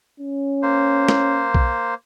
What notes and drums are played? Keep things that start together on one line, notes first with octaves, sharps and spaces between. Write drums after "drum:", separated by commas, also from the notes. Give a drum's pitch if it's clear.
C#4
A#3 C5
drum: snare
drum: kick B1